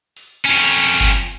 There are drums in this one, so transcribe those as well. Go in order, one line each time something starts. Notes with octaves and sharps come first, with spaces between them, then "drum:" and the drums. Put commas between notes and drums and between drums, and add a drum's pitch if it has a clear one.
drum: open hi-hat
F2 C#4
drum: kick F#1